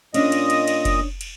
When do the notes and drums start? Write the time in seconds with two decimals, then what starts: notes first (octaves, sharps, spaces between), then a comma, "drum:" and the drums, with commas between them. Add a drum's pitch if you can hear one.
0.14 A#2 C#4 D4 D#5 D#6, drum: cymbal
0.32 drum: cymbal
0.50 drum: cymbal
0.68 drum: cymbal
0.85 drum: kick F#1, cymbal
1.21 drum: cymbal